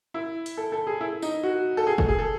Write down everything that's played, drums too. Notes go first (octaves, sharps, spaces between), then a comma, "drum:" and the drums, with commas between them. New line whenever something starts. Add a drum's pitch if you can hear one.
E4
drum: hi-hat
A4
A4
G#4
E4
D#4, drum: tambourine
F#4
A4
G#4
A4, drum: kick
G#4
A4